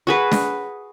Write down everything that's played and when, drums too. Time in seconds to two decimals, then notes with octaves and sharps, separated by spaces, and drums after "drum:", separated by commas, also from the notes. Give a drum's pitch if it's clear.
0.07 F#4 G#4 B4
0.32 drum: snare